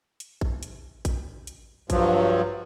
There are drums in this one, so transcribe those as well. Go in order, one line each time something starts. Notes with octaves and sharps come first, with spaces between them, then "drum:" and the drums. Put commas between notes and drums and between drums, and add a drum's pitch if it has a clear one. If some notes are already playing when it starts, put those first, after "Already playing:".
drum: hi-hat
drum: kick A1
drum: hi-hat
drum: kick A1, hi-hat
drum: hi-hat
G2 F3 F#3, drum: kick A1, hi-hat